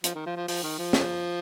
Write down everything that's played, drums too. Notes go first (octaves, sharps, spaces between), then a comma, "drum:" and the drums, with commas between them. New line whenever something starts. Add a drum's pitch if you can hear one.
F3, drum: hi-hat
D#3
F3
F3
F3, drum: open hi-hat
D#3
F3
drum: snare